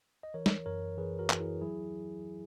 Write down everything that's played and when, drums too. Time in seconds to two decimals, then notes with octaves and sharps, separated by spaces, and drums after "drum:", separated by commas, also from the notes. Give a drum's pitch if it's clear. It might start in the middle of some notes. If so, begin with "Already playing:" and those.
0.23 D#5
0.34 E3 A#4 C#5
0.46 drum: snare
0.66 F#2 A#4 C#5
0.98 E3 G#4 B4
1.19 F#4 A#4
1.30 E3, drum: clap
1.40 E4 G#4
1.61 F#3 E4 G#4